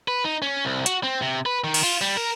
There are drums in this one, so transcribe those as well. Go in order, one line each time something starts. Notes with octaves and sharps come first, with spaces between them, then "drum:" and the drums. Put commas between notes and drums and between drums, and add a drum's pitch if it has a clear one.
B4
D#4
C#4
C2
F#4, drum: hi-hat
C4
C3
B4
D#3
drum: cymbal
F4
G3
A#4